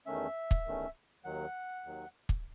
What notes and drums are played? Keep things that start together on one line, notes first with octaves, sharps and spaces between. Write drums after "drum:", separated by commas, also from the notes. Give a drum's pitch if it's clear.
E2 D#3 A3 C#4 E5
drum: kick
E2 D#3 A3 C#4
D#2 D#3 F#3 F#5
D#2 D#3 F#3
drum: kick